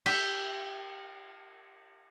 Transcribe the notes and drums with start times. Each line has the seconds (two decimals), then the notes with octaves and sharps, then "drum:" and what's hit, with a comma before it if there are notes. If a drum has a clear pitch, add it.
0.06 G4 E5, drum: cymbal